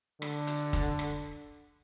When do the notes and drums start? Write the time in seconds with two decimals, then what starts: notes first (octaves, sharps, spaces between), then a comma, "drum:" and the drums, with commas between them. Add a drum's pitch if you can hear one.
0.22 D3, drum: rim click
0.47 drum: hi-hat
0.73 drum: kick, hi-hat
0.99 drum: rim click